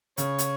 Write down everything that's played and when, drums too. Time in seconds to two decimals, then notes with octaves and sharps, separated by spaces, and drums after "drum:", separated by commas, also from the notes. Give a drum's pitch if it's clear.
0.17 C#3 C#5, drum: hi-hat
0.39 drum: hi-hat